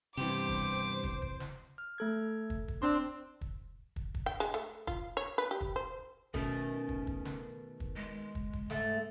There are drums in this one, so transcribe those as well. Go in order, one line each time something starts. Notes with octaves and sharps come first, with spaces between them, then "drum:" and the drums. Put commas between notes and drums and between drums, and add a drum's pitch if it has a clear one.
G2 C3 E3 B3 G4 C5 D6
drum: kick
drum: kick
drum: kick
drum: snare
F6
A3 A4 G#6
drum: kick
drum: kick
C4 D4 C6
drum: kick
drum: kick
drum: kick
G5
G#3
A3
F4, drum: kick
C#5
B4
G4
drum: kick
C5
B2 D#3 A3 C#4, drum: kick
drum: kick
drum: kick
drum: snare
drum: kick
G#3
drum: kick
drum: kick
G#2 A3, drum: snare